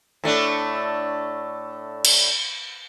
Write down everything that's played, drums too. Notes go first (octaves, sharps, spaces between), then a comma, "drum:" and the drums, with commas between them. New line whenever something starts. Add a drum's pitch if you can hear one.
A2 A3 D4
drum: cymbal